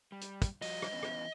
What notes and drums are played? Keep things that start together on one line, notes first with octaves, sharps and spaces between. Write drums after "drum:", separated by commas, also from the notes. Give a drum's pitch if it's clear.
G3
drum: hi-hat
drum: kick, hi-hat
F3 G3 F#4 D#5, drum: open hi-hat
drum: rim click
E3 B3 C#4
drum: rim click